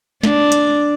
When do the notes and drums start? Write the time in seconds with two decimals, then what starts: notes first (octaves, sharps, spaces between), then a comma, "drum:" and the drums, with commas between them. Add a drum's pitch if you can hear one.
0.23 D4, drum: snare
0.52 drum: hi-hat